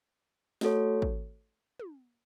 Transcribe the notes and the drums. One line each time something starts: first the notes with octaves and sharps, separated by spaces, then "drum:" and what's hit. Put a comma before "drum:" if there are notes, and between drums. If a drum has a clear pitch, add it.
A3 F#4 A4 C#5, drum: snare
drum: kick
drum: tom